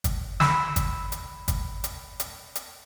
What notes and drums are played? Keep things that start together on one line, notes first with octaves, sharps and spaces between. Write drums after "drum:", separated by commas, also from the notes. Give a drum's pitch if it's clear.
drum: kick, hi-hat
B5 E6, drum: snare
drum: kick, hi-hat
drum: hi-hat
drum: kick, hi-hat
drum: hi-hat
drum: hi-hat
drum: hi-hat